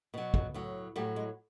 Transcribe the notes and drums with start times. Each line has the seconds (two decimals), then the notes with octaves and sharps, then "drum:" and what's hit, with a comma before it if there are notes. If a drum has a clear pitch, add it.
0.14 B2 F#3
0.34 drum: kick
0.54 A2 F#3
0.96 A2 F#3 G3
1.16 G#3